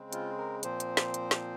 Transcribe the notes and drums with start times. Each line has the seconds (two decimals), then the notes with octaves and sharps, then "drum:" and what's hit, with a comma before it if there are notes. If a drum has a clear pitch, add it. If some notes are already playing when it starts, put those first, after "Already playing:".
Already playing: C#3 G#3 C4
0.13 F4, drum: hi-hat
0.38 A#4
0.63 A#2 F3 C4 C5, drum: hi-hat
0.80 drum: hi-hat
0.97 drum: snare
1.14 drum: hi-hat
1.31 drum: snare